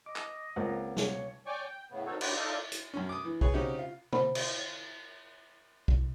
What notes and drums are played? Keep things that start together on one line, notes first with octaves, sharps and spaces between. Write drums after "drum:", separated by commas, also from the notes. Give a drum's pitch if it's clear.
D#5 D6
drum: clap
C#2 A#3 C4 F#5
C#5, drum: snare
C#5 D5 G5 G#5 C#6 D6
G5
A2 C#3 B3
D#3 C4 D#4 F#4 A4 C#5
G2 D#3 F#4 G4 B4 C#5, drum: cymbal
D#4 F4 A4 D5 D#5
drum: hi-hat
F#2 C#4
D6 D#6
E3
G#4 B4 C#5, drum: kick B1
C#3 C4 C#4 D#4 F#4 G4
F4
C5 F#5 B5, drum: tom
drum: cymbal
drum: kick B1